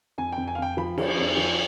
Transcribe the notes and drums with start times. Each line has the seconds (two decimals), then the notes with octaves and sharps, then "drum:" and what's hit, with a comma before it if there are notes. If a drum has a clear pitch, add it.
0.18 F2 G#5
0.32 G5
0.37 F2
0.48 G#5
0.55 F5
0.58 F2 G5
0.77 F3 B5
0.98 F3, drum: cymbal
1.17 F2
1.37 F3